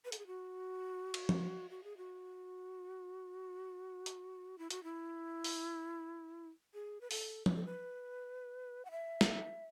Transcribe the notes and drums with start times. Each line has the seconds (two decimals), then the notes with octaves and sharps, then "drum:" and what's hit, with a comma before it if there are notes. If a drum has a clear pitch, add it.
0.05 B4
0.12 A4, drum: hi-hat
0.18 G#4
0.27 F#4
1.14 drum: cymbal
1.29 drum: tom F3
1.70 F#4
1.84 G#4
1.97 F#4
4.06 drum: hi-hat
4.58 E4
4.70 F#4, drum: hi-hat
4.84 E4
5.44 drum: open hi-hat
6.74 G#4
7.01 B4
7.11 A4, drum: open hi-hat
7.46 B4, drum: tom F3
7.55 A4
7.65 B4
8.85 F#5
8.91 E5
9.21 drum: snare